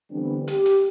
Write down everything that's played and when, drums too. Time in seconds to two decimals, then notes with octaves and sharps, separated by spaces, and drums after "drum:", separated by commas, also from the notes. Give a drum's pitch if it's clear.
0.11 D3 E3 G3 B3 C4 D4
0.48 G4, drum: hi-hat
0.65 drum: hi-hat